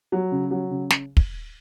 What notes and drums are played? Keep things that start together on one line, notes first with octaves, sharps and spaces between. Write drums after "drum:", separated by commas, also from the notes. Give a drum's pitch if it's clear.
F#3
C#3
F#3
C#3
drum: snare
drum: kick